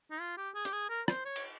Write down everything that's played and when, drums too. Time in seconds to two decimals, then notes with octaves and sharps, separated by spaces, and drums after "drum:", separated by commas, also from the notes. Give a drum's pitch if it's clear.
0.11 D#4
0.21 F4
0.37 G4
0.55 G#4
0.65 G4, drum: hi-hat
0.73 G#4
0.89 A#4
1.08 C5, drum: rim click
1.25 C#5
1.36 drum: cymbal